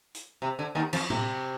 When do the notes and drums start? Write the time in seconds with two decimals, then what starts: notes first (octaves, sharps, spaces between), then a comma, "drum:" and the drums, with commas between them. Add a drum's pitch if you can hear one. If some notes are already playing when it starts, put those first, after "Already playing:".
0.15 drum: hi-hat
0.42 C3
0.59 D3
0.75 D#2 D#3
0.93 F2 F3, drum: cymbal
1.10 C3, drum: tom